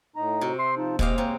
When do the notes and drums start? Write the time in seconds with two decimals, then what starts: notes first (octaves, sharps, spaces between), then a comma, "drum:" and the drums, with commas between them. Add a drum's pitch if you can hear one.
0.16 A2 D#4 A#5
0.41 C3 F#4
0.59 E5 C6
0.77 F3 D#4 F4 A5
0.99 C3 G#3 A#3 G4 D#5 F5, drum: kick
1.18 C3 C#5 G5 A#5